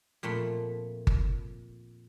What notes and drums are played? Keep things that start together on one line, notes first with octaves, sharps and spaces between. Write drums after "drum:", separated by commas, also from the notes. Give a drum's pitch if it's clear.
F2 A#2 A3 B5 C6
drum: kick G1